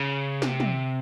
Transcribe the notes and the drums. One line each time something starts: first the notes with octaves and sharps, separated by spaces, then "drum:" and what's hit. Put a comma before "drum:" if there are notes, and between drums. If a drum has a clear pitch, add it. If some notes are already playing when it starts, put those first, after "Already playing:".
Already playing: C#3
C3, drum: snare
drum: tom